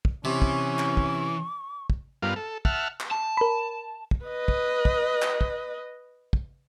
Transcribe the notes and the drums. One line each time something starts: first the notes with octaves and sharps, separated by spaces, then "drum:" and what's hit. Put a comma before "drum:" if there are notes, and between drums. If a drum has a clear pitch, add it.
drum: kick
C3 E3 C#4 C#6
drum: kick
drum: clap
drum: kick
drum: kick
G2 G3 B3 F4 A#4 F5
A4
E5 F#5 A5 F6, drum: kick
drum: clap
A5
A#4 B5
drum: kick
B4 D#5
drum: kick
drum: kick
drum: clap
drum: kick
drum: kick